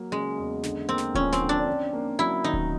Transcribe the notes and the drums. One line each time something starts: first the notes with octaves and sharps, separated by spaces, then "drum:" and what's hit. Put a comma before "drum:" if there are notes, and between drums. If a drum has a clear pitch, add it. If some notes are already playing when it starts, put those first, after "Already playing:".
Already playing: F#3 A#3
C#3 G#3
E2
D3, drum: snare
A#3 C4
drum: snare
F3 C#4, drum: kick D1
C4, drum: snare
D3
D4
C#4
A#3
F#3 E4
D#3 D#4
drum: kick D1